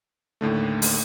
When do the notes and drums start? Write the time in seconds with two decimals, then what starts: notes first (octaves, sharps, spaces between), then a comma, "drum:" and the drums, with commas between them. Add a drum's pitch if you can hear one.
0.41 D#2 A2 D3 A3
0.82 drum: open hi-hat